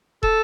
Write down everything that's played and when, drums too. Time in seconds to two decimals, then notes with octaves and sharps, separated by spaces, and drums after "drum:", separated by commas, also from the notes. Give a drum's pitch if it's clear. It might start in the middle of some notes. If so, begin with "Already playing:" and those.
0.23 A4, drum: kick